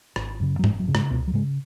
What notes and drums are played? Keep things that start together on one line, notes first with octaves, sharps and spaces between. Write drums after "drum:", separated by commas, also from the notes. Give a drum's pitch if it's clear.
G#1, drum: rim click
F#2 C#3
F#3
F#1 G#2 G#3, drum: tom G#2
F#3
F#2 C#3
G#2 G#3, drum: rim click
C#2 B2 B3
F#3
G#2 C#3 G#3